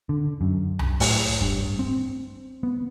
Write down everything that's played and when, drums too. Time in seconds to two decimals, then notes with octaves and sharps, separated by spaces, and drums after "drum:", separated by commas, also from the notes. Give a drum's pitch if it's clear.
0.09 D3
0.41 F#2
0.79 drum: tom C2
1.00 A2, drum: open hi-hat
1.41 G2, drum: kick
1.79 C4
2.63 B3